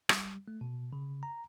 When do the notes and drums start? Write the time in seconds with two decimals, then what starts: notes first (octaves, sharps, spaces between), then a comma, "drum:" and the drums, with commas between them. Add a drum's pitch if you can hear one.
0.09 G3, drum: rim click
0.48 A3
0.61 B2
0.93 C#3
1.23 A#5